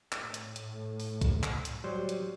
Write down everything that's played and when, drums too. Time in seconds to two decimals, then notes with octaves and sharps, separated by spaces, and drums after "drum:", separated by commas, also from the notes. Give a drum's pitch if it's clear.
0.12 A2, drum: clap
0.34 drum: hi-hat
0.56 drum: hi-hat
1.00 drum: open hi-hat
1.21 drum: kick, hi-hat
1.43 drum: clap
1.65 drum: hi-hat
1.84 F#3 G3 C5
2.09 drum: hi-hat